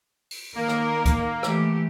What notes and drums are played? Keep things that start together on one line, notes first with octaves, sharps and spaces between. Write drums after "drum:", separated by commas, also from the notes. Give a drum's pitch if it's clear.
drum: open hi-hat
D#3 A#3 A#4
drum: rim click
drum: kick D2, hi-hat
E3 A3 G4, drum: rim click